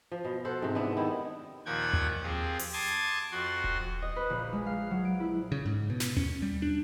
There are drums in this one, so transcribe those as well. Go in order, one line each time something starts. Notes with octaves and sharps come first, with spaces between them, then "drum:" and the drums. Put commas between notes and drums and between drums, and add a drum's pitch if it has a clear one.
F3
B2
A4 C5 F#5
G#2 C3
B3 D4 E4
D#3 E4
D#2 A#2 F3 F#5 G5 G#6
drum: tom D#2
F3 C4 G4 G#4
drum: open hi-hat
A5 C6 D6 D#6 G#6 A6
F2 F#4 C6
drum: kick D#1
D#5
B4
A#1
G#3
F5
F#3
D7
E4
C#3
G#2
B2
drum: snare
C#4, drum: tom D#2
G3
D4